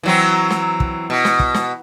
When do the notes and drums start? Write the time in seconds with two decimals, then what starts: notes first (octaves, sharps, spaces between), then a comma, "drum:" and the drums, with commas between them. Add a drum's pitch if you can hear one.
0.03 E3 F#3 C4
0.50 drum: snare
0.80 drum: kick
1.10 B2
1.25 drum: snare
1.40 drum: kick
1.54 drum: snare